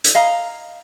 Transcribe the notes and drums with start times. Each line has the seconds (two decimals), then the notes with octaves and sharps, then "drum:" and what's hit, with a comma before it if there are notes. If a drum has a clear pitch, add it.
0.04 drum: hi-hat
0.15 D#5 F5 A#5